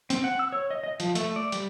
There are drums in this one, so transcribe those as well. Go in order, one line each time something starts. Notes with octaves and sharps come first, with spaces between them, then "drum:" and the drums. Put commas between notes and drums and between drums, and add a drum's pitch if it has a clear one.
C4, drum: hi-hat
F#5
E6
C#5
D#5
D#5
F3, drum: hi-hat
A3, drum: hi-hat
D5
G3, drum: hi-hat